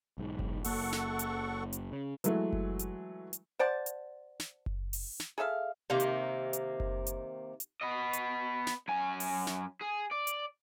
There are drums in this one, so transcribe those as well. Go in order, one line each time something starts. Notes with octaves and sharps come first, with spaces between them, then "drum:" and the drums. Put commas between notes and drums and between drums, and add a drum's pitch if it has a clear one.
B1 G#2
drum: kick F#1
F#1 A#3 A4 F#5 C#6, drum: open hi-hat
drum: snare
drum: hi-hat
drum: hi-hat
C#3
E3 F#3 G#3 A3, drum: hi-hat
drum: kick F#1
drum: hi-hat
drum: hi-hat
C5 D5 F#5 A5
drum: hi-hat
drum: snare
drum: kick F#1
drum: open hi-hat
drum: snare
G#4 A4 E5 F5
C3 D#3 A#3
drum: hi-hat
drum: hi-hat
drum: kick F#1
drum: hi-hat
drum: hi-hat
B3 D#5
drum: hi-hat
drum: snare
F#2 G#5
drum: open hi-hat
drum: snare
G#4
D5
drum: hi-hat